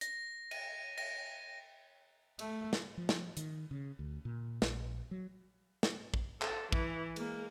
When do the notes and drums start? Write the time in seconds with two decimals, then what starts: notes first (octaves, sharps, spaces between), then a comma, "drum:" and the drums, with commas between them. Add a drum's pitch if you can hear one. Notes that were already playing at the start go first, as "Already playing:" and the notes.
0.01 A#6, drum: hi-hat
0.51 D#7, drum: cymbal
0.98 A#6, drum: cymbal
2.39 A3, drum: cymbal
2.73 drum: snare
2.97 F3
3.09 drum: snare
3.37 D#3, drum: hi-hat
3.71 C#3
3.99 D2
4.25 A#2
4.62 A#1, drum: snare
5.11 F#3
5.83 drum: snare
6.14 drum: kick
6.42 A4, drum: clap
6.72 E3, drum: kick
7.16 G#3 A#3, drum: cymbal